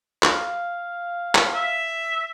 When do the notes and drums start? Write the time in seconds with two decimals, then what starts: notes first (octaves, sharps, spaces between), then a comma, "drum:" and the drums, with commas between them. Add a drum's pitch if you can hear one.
0.23 F5, drum: clap
1.35 drum: clap
1.55 E5